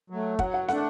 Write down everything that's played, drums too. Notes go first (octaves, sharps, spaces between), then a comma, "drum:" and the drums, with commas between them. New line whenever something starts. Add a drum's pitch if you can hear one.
F#3 A3
F#3 F#5, drum: kick
F#5
A3 D4 F#5, drum: snare